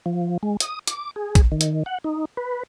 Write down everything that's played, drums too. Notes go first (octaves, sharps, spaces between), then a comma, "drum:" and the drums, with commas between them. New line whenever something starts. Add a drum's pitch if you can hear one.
F3
G#3
D#6, drum: hi-hat
D6, drum: hi-hat
G#4
drum: kick A#1, hi-hat
D#3
drum: hi-hat
F#5
D#4
B4